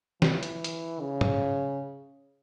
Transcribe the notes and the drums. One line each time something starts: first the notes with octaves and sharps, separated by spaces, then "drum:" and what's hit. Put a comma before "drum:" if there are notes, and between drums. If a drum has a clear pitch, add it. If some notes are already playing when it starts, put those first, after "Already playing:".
E3, drum: snare
drum: hi-hat
drum: hi-hat
C#3
drum: tom